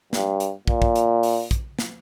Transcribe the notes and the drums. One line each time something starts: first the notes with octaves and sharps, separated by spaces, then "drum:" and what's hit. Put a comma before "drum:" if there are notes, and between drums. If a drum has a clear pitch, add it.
G2, drum: snare
drum: hi-hat
A#2, drum: kick
drum: kick
drum: hi-hat
drum: open hi-hat
drum: kick, hi-hat
drum: snare